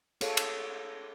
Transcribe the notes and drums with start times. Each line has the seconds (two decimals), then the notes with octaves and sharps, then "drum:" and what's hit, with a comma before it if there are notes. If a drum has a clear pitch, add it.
0.21 G#4 A4 C#5, drum: cymbal
0.37 drum: cymbal